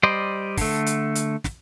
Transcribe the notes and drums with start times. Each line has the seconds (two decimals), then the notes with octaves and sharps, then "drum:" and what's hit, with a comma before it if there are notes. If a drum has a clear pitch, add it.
0.03 G3 C5 D5 D#5 C6
0.58 D3 A3, drum: kick, open hi-hat
0.86 drum: hi-hat
1.15 drum: hi-hat
1.44 drum: snare